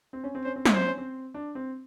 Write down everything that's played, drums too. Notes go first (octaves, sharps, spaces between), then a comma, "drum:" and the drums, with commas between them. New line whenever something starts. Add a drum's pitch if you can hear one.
C4
C#4
C4
C#4 C5
C4
C#4, drum: snare
C4 C5
C#4
C4
D4
C4